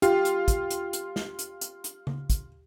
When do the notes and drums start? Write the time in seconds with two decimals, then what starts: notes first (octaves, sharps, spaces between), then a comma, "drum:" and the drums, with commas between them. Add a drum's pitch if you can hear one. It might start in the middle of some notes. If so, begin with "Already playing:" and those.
0.02 F4 G4, drum: hi-hat
0.25 drum: hi-hat
0.48 drum: kick, hi-hat
0.71 drum: hi-hat
0.93 drum: hi-hat
1.16 drum: snare
1.39 drum: hi-hat
1.61 drum: hi-hat
1.84 drum: hi-hat
2.07 drum: tom C#3
2.30 drum: kick, hi-hat